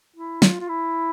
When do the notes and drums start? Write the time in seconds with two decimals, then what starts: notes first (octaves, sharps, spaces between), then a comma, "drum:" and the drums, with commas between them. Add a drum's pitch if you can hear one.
0.16 E4
0.42 F4, drum: snare
0.60 F4
0.69 E4